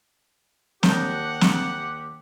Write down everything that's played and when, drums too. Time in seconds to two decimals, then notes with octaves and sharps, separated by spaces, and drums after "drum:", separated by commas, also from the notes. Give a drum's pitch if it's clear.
0.83 D#2 D4 G4 D#5 F#5 A5 G6, drum: snare
1.41 drum: snare